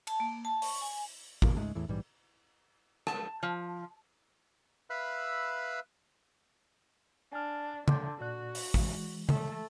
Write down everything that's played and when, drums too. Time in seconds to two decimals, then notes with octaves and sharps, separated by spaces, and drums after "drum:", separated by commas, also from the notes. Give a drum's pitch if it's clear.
0.07 A5, drum: cymbal
0.20 A#3
0.45 A5
0.62 C#6, drum: open hi-hat
0.81 G#5
1.42 E2 A#2 D#3 A#3, drum: kick
1.56 C#2 G#2 G#3 A3
1.75 E2 A2 E3
1.88 A#1 G#2 E3 G3
3.07 A5, drum: rim click
3.43 F3
4.90 B4 E5 F5 B5 E6 F#6
7.33 D4 G#5 F6
7.88 D3 C6 D6 G6, drum: tom C#3
8.21 A#2 F#4 D5 F#6
8.55 drum: open hi-hat
8.74 E3 G#3, drum: kick
9.29 A3, drum: tom C#3